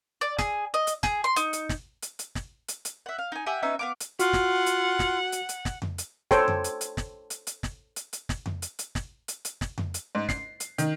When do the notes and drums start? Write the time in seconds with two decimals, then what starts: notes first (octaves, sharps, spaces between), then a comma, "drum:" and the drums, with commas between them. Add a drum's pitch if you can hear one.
0.21 D5
0.39 G#4, drum: snare
0.74 D#5
0.87 drum: hi-hat
1.03 G#4, drum: snare
1.24 C6
1.36 D#4, drum: hi-hat
1.53 drum: hi-hat
1.69 drum: snare
2.02 drum: hi-hat
2.19 drum: hi-hat
2.35 drum: snare
2.68 drum: hi-hat
2.85 drum: hi-hat
3.06 E5 F#5
3.18 F5
3.32 D#4 G#5
3.46 G4 E5 F#5 G#5
3.62 B3 C#4 D#4 E5
3.79 B3 F5 D6
4.00 drum: hi-hat
4.19 F4 F#4 F#5, drum: hi-hat
4.33 drum: snare
4.66 drum: hi-hat
4.99 drum: snare
5.32 drum: hi-hat
5.49 drum: hi-hat
5.65 drum: snare
5.82 drum: tom F2
5.98 drum: hi-hat
6.31 A4 C5 C#5 G5, drum: snare
6.48 drum: tom F2
6.64 drum: hi-hat
6.81 drum: hi-hat
6.97 drum: snare
7.30 drum: hi-hat
7.47 drum: hi-hat
7.63 drum: snare
7.96 drum: hi-hat
8.13 drum: hi-hat
8.29 drum: snare
8.46 drum: tom F2
8.62 drum: hi-hat
8.79 drum: hi-hat
8.95 drum: snare
9.28 drum: hi-hat
9.45 drum: hi-hat
9.61 drum: snare
9.78 drum: tom F2
9.94 drum: hi-hat
10.15 G#2
10.29 C7, drum: snare
10.60 drum: hi-hat
10.78 D#3, drum: hi-hat